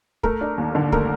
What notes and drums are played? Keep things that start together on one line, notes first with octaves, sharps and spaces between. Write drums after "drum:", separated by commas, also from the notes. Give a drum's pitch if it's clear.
A3 A#4, drum: kick
D4
D#2
D3
A3 A#4, drum: kick